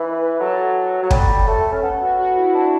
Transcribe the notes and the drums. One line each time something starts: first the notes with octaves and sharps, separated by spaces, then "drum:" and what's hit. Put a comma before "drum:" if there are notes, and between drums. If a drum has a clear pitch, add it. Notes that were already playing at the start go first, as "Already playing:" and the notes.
Already playing: E3 B4
F#3 A4
F#3
G3, drum: kick
A3
C#4
B3 A4
F#4
F#4
E4
D4 E4